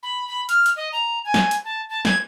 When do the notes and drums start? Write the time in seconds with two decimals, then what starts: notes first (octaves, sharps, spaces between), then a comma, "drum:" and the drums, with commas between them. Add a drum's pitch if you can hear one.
0.03 B5
0.28 B5
0.49 F6, drum: hi-hat
0.66 drum: hi-hat
0.76 D#5
0.93 A#5
1.25 G#5
1.34 drum: snare
1.51 drum: hi-hat
1.65 A5
1.90 A5
2.05 G#6, drum: snare